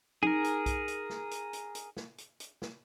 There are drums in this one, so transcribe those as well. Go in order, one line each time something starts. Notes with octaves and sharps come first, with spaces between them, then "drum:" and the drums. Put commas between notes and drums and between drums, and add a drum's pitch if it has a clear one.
D#4 G#4 A#4, drum: tom
drum: hi-hat
drum: kick B1, hi-hat
drum: hi-hat
drum: snare
drum: hi-hat
drum: hi-hat
drum: hi-hat
drum: snare
drum: hi-hat
drum: hi-hat
drum: snare